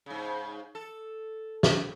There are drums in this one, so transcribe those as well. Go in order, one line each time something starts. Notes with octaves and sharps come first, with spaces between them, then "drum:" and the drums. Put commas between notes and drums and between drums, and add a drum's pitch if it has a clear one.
G#2 C#3
A4
drum: snare